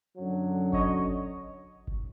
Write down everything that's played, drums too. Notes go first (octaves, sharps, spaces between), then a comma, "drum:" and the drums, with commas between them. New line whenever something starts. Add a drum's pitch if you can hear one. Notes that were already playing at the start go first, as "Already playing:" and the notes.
F#2 D3 F#3
C#5 D#5, drum: kick G1
drum: kick G1